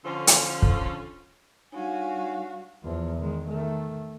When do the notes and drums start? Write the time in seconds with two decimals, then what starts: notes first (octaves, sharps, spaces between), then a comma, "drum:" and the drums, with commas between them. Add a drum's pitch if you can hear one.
0.04 D3 F3 C#4 F4 A4 C5
0.27 drum: hi-hat
0.62 drum: kick
1.72 G3 D4 D#4 F#4 C#5 F5 G#5
2.83 E2 F3
3.17 D#3 G#3
3.47 D#3 A3